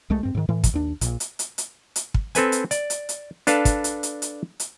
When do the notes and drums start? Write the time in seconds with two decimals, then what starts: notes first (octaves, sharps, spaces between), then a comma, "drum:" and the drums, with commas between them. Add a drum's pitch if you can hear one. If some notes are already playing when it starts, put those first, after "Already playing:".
0.10 C2 G#3 A3
0.23 G2 C4
0.35 G#2 D#3
0.49 A2 E3
0.64 drum: kick, hi-hat
0.74 D#2 D4
1.01 A#1 A#2, drum: hi-hat
1.20 drum: hi-hat
1.39 drum: hi-hat
1.58 drum: hi-hat
1.96 drum: hi-hat
2.14 drum: kick
2.35 C4 A4 B4 G#5, drum: hi-hat
2.52 drum: hi-hat
2.71 D5, drum: hi-hat
2.90 drum: hi-hat
3.09 drum: hi-hat
3.47 D4 A4 B4 F5 A5, drum: hi-hat
3.65 drum: kick, hi-hat
3.84 drum: hi-hat
4.03 drum: hi-hat
4.22 drum: hi-hat
4.60 drum: hi-hat